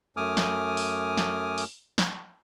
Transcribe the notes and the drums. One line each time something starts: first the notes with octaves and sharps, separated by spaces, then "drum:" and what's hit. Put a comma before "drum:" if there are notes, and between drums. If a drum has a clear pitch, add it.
F#2 A3 G#5 D6 D#6 F6
drum: snare
drum: open hi-hat
drum: snare
drum: open hi-hat
drum: snare